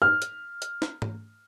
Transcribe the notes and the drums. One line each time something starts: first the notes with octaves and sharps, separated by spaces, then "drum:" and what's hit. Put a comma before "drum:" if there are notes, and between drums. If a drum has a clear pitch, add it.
F6
drum: hi-hat
drum: hi-hat
drum: snare
drum: tom G#2